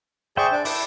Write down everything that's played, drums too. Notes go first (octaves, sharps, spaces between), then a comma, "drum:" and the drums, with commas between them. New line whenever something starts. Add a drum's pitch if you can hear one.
G#4 C5 D5 E5 G5 C#6
D4 D5
E4 A5 D6, drum: open hi-hat